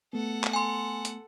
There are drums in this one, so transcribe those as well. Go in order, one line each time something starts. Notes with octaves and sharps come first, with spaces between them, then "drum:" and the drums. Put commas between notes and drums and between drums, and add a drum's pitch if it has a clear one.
A3 B3 A4 F#5
drum: clap
G#5 C6
drum: hi-hat